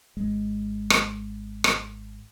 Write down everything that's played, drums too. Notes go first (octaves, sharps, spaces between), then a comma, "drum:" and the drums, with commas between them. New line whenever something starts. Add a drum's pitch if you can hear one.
G#1 G#3
drum: rim click
drum: rim click